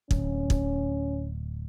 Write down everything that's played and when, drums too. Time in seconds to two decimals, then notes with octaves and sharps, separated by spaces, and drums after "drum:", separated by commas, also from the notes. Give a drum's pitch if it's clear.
0.11 D1 C#4, drum: kick
0.50 drum: kick